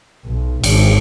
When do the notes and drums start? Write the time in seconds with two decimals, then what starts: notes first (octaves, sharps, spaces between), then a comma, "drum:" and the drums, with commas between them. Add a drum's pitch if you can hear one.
0.25 B1
0.64 G#1, drum: cymbal